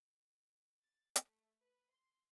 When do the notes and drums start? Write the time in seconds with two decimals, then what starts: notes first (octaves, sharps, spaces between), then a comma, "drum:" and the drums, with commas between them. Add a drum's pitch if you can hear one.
0.81 A6
1.16 A3, drum: hi-hat
1.62 B4
1.91 C6